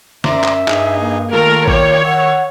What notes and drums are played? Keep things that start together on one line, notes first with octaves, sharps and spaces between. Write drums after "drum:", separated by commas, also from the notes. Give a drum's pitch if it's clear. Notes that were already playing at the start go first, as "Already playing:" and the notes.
F#2 C5 D5 E5 A#5, drum: snare
drum: clap
G2 D#4 G#4, drum: clap
A#3
D#3 A3 F4 A#4
F4 C#5 D5 G5, drum: kick G#1
D#3 E5 F#5